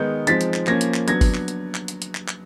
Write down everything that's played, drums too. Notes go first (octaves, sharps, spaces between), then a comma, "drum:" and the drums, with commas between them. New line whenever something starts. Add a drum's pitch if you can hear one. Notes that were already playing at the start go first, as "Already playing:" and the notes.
Already playing: D#3 G#3 B3 D#4 G6
F3 G#3 C4 D#4 A6 B6, drum: hi-hat
drum: hi-hat
drum: clap
F3 A#3 C#4 G#6 A#6, drum: clap
drum: hi-hat
drum: clap
F#3 B3 D4 G#6 A#6, drum: hi-hat
drum: kick, open hi-hat
drum: clap
drum: hi-hat
drum: clap
drum: hi-hat
drum: hi-hat
drum: clap
drum: clap